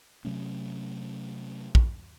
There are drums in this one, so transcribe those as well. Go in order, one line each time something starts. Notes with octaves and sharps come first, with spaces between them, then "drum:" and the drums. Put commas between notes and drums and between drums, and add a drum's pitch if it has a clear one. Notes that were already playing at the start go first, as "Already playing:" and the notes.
C3 F#3 A3 C#4
drum: kick